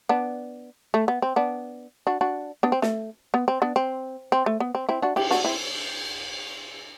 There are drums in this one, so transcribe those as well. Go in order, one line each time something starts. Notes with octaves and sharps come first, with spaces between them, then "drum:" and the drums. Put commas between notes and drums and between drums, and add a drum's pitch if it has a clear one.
B3 D4
A3
B3
C4
B3 D4
D4 F#4
D4 F#4
B3 D4
C4
A3, drum: snare
B3
C4
B3 D4
C4
C4
A3
B3
C4
C4 E4
D4 F#4
E4 G4, drum: cymbal
D4 F#4, drum: snare
C4 E4